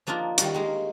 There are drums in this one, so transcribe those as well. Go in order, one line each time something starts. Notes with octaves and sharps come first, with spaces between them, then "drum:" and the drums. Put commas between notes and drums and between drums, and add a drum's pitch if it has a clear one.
F3 A#3 D4 D#4 F4
D#3 G3 F#4, drum: hi-hat
G#3 A#3